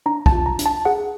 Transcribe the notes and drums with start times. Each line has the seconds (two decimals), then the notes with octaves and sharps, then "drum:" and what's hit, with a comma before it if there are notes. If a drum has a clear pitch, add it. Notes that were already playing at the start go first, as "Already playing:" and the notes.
0.06 D4 A#5
0.26 A5, drum: kick
0.32 F4
0.46 A#5
0.59 D4, drum: hi-hat
0.66 A5
0.85 G#4 F#5